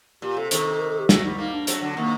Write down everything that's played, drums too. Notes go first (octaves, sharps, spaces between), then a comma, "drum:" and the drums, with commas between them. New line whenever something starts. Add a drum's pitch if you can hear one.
A#2 G4
C3 A4
C3 D#3, drum: hi-hat
A#4
A4
G4
F#3 A3 F#4, drum: snare
D#3 G3 D#4
G3 A#3 D#4
D4
F#3 A3, drum: hi-hat
D3 F#3
C3 D#3 A#3